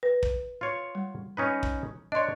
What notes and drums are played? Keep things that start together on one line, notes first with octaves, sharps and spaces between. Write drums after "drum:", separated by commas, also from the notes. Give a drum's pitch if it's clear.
B4
drum: kick
F4 C#5
G3
C#4 D#4 B4
drum: kick
D4 C#5 D#5 C6